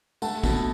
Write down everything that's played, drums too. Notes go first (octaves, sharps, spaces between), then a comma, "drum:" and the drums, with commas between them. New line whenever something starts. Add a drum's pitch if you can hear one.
A3 F#5 A5, drum: tambourine
B2, drum: kick, tambourine